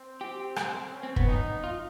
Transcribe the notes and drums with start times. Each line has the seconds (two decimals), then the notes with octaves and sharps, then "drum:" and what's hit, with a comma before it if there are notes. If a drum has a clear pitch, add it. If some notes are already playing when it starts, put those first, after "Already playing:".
Already playing: C4
0.21 G4
0.56 C4, drum: rim click
0.92 C#4
1.03 C4
1.16 B3, drum: kick
1.27 D#4
1.64 F4